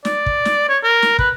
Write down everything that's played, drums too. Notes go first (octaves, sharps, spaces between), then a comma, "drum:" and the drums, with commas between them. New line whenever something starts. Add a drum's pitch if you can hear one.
D5, drum: snare
drum: kick
drum: snare
C#5
A#4
drum: snare
B4, drum: kick